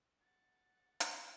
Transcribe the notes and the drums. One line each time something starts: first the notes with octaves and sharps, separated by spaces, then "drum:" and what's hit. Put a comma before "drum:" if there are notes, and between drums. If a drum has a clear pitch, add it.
F#5 A6
drum: hi-hat